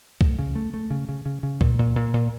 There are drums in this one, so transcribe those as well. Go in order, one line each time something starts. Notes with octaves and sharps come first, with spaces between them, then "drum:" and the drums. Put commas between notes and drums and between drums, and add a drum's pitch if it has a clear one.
A3, drum: kick C2
C#3
A3
A3
C#3
C#3
C#3
C#3
A#2, drum: kick C2
A#2
A#2
A#2